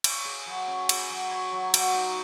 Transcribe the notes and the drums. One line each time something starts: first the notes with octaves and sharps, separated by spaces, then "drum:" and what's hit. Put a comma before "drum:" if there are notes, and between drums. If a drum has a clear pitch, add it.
C#5, drum: cymbal
G#4
F#3
C#4
G#4, drum: cymbal
F#3
C#5
F#3
F#4, drum: cymbal
D#4